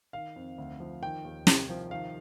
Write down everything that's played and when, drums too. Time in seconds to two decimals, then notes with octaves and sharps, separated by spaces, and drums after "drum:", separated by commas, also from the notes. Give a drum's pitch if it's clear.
0.13 D#3 F5
0.36 F2
0.58 D2
0.80 F3
1.02 D#3 G5
1.25 D#2
1.47 C2, drum: snare
1.69 F3
1.91 D#3 F5